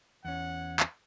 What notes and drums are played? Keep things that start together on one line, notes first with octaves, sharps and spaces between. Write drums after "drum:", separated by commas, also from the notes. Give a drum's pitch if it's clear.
E2 C#4 F#5
drum: clap